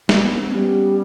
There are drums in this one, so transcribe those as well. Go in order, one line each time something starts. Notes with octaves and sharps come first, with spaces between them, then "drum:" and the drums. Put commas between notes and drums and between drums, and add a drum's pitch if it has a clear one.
A#3, drum: snare
B3
C4
G3 B3 C#4